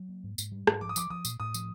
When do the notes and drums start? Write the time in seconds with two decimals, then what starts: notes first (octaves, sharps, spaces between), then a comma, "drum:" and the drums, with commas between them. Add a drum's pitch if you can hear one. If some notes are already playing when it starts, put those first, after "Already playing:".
Already playing: F#3
0.09 A#3
0.24 G#2
0.38 G#2, drum: tambourine
0.52 G3
0.67 G#2, drum: rim click
0.81 F3 D6
0.89 D#6
0.96 F3 D6, drum: tambourine
1.10 F3 D#6
1.25 A#2, drum: tambourine
1.40 A2 D#6
1.54 F3, drum: tambourine